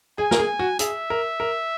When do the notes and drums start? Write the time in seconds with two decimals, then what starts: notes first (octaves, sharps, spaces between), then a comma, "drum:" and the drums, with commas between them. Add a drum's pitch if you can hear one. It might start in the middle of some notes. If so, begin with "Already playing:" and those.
0.18 G#4 G#5
0.31 A#4, drum: snare
0.39 G#4
0.59 F#4
0.79 G#4 E5, drum: hi-hat
1.10 A#4
1.40 A#4